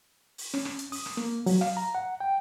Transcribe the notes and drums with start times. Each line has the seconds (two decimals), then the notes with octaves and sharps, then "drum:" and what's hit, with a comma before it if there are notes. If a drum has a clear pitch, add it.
0.38 drum: open hi-hat
0.54 C#4, drum: rim click
0.65 drum: rim click
0.79 drum: hi-hat
0.92 D#6, drum: open hi-hat
1.06 drum: rim click
1.17 A#3, drum: rim click
1.46 F#3, drum: open hi-hat
1.61 F5, drum: rim click
1.77 A#5
1.95 F#5
2.20 G5